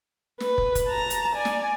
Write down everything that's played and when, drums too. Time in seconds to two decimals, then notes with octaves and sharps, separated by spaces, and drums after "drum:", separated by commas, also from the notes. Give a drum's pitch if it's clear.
0.40 B4, drum: snare
0.58 drum: kick
0.75 drum: kick, hi-hat
0.88 A5 A#5
1.10 drum: hi-hat
1.35 D5 G#5
1.45 drum: snare